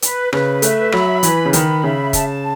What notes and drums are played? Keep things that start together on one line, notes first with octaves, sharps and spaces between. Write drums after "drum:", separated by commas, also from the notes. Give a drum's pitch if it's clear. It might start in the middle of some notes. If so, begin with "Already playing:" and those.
B4, drum: hi-hat
C#3 B4, drum: rim click
A3 E5, drum: hi-hat
F#3 B5, drum: rim click
E3 B4, drum: hi-hat
C#3
D#3 B5, drum: hi-hat
C#3 E5
A5, drum: kick, hi-hat